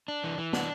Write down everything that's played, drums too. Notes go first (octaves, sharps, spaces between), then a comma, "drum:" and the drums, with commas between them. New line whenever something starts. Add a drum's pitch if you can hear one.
D4
E3
E3
D4, drum: snare